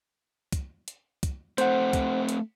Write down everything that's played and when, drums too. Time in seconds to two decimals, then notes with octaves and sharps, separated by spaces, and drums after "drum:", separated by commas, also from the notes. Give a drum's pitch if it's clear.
0.52 drum: kick, hi-hat
0.88 drum: hi-hat
1.23 drum: kick, hi-hat
1.58 A3 C4 C5 F#5, drum: hi-hat
1.93 drum: kick, hi-hat
2.29 drum: hi-hat